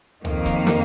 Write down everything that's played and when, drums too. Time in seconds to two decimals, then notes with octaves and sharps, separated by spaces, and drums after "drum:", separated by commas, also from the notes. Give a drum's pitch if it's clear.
0.25 F2 D#3 A#3, drum: tom C#2
0.46 drum: kick D1, hi-hat
0.67 drum: snare